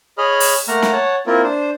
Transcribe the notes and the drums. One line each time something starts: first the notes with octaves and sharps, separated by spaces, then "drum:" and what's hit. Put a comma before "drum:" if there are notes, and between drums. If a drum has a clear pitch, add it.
G#4 C#5 D#5 B5 F6
drum: open hi-hat
A3 A#3 F#5 A#5 F6
drum: snare
C#5 F#5 A5
A#3 C4 E4 F4 A#4
D4 C5